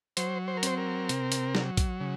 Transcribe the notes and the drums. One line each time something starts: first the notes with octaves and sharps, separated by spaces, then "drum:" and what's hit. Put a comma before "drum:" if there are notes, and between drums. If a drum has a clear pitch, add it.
F#3 C5, drum: hi-hat
C5
A#4
C4 C5, drum: hi-hat
A#4
C3, drum: hi-hat
drum: hi-hat
F#3, drum: snare
drum: kick, hi-hat
C#3